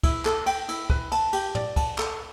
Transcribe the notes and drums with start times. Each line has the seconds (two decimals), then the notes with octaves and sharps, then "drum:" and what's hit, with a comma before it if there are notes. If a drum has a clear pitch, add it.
0.03 E4, drum: kick, cymbal
0.25 A4, drum: clap
0.46 G5, drum: cymbal
0.68 E4, drum: cymbal
0.90 B4, drum: kick
1.12 A5, drum: cymbal
1.33 G4, drum: cymbal
1.55 D5, drum: tom
1.76 A5, drum: kick, cymbal
1.98 A4, drum: clap